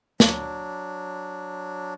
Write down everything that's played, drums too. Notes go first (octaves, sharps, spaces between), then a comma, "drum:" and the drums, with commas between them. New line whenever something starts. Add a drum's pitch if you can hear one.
F#3 D4, drum: snare